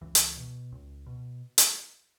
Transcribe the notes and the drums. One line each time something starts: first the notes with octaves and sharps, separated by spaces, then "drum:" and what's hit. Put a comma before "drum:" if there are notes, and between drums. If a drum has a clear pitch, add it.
C#2 E3
drum: hi-hat
B2
C#2
B2
drum: hi-hat